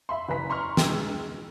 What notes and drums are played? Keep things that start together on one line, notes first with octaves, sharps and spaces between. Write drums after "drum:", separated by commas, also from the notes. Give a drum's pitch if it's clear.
E5 B5 C6
F#1 B4 G#5 A#5 B6
A#5 C6 C#6 F6
G5 E6, drum: snare
G#3